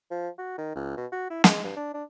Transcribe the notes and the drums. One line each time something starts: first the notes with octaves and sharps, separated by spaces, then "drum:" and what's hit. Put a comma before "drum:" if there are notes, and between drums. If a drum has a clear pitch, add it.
F3
F#4
D#3
C#2
B2
F#4
E4
G#3, drum: snare
G2
D4
D4